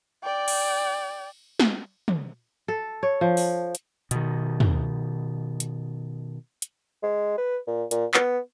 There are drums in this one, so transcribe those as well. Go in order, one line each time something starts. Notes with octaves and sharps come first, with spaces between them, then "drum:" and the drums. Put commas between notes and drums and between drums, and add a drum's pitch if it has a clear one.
D5 G5
drum: cymbal
drum: snare
drum: tom
A4
C#5
F3
drum: open hi-hat
drum: hi-hat
B2 D#3, drum: hi-hat
drum: tom
drum: hi-hat
drum: hi-hat
G#3
B4
A#2
A#2, drum: hi-hat
B3, drum: clap